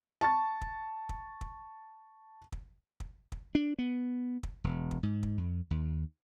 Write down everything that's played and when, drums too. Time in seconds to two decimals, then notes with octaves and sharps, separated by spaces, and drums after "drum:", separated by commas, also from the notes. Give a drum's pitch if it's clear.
0.21 A5 C#6 A6
0.61 drum: kick
1.09 drum: kick
1.41 drum: kick
2.52 drum: kick
3.00 drum: kick
3.32 drum: kick
3.55 D4
3.79 B3
4.43 drum: kick
4.64 E1
4.91 drum: kick
5.03 G#2
5.23 drum: kick
5.37 F2
5.71 D#2